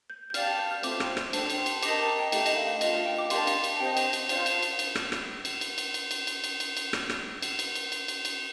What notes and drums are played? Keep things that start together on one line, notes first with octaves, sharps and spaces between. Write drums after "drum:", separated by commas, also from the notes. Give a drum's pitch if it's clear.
G6
G6
G4 D5 F5 A5 F6, drum: cymbal
A6
G6
F6
A3 C4 F4 C5 D6, drum: cymbal
drum: rim click
drum: rim click
D4 A4 C5 G5, drum: cymbal
drum: cymbal
drum: cymbal
G4 A#4 D#5 A5 D6, drum: cymbal
D6
A#5
G5
A3 D#4 G4 A#4, drum: cymbal
D#5, drum: cymbal
F5
A3 D4 F4 D#5, drum: cymbal
F5
G5
D6
D4 G4 A#4 F5 A5 C6, drum: cymbal
drum: cymbal
drum: cymbal
A5
C4 G4 C5 D#5 G5
drum: cymbal
drum: cymbal
D4 F4 C5 F5 A5, drum: cymbal
drum: cymbal
drum: cymbal
drum: cymbal
drum: rim click
drum: rim click
drum: cymbal
drum: cymbal
drum: cymbal
drum: cymbal
drum: cymbal
drum: cymbal
drum: cymbal
drum: cymbal
drum: cymbal
drum: rim click
drum: rim click
drum: cymbal
drum: cymbal
drum: cymbal
drum: cymbal
drum: cymbal
drum: cymbal